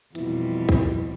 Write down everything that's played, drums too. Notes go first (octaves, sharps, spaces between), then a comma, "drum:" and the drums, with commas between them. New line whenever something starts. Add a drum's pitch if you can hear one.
F2 B2 E3 G3, drum: hi-hat
drum: kick, hi-hat